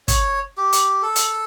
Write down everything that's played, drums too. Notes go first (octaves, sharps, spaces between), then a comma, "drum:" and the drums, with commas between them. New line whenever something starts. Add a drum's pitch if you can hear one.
C#5, drum: kick, hi-hat
G4
drum: hi-hat
A4
drum: hi-hat